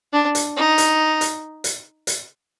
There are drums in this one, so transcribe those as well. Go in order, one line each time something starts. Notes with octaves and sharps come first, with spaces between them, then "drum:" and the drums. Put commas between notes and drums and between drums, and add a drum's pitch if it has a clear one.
D4
drum: hi-hat
D#4
drum: hi-hat
drum: hi-hat
drum: hi-hat
drum: hi-hat